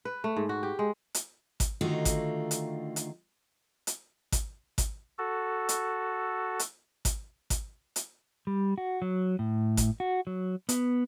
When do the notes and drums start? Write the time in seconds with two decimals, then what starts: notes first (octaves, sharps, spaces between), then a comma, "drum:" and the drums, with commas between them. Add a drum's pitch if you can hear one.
0.05 B4
0.24 A3
0.36 G#2
0.49 F#4
0.63 G4
0.79 G#3
1.14 drum: hi-hat
1.60 drum: kick G#1, hi-hat
1.81 D3 D#3 A3 D#4 F4 F#4
2.05 drum: kick G#1, hi-hat
2.51 drum: hi-hat
2.96 drum: hi-hat
3.87 drum: hi-hat
4.32 drum: kick G#1, hi-hat
4.78 drum: kick G#1, hi-hat
5.18 F#4 A4
5.69 drum: hi-hat
6.59 drum: hi-hat
7.05 drum: kick G#1, hi-hat
7.50 drum: kick G#1, hi-hat
7.96 drum: hi-hat
8.47 G3
8.78 F#4
9.02 F#3
9.39 A2
9.77 drum: kick G#1, hi-hat
10.00 F#4
10.27 F#3
10.69 B3, drum: hi-hat